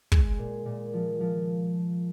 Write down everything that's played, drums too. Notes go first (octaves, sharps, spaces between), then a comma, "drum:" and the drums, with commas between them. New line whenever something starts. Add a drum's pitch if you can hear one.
G#3 G#4, drum: kick
A#2
A#2
F3
F3